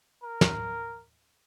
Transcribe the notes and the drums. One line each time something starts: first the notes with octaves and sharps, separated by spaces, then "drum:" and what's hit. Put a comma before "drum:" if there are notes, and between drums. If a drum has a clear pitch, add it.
A#4
drum: snare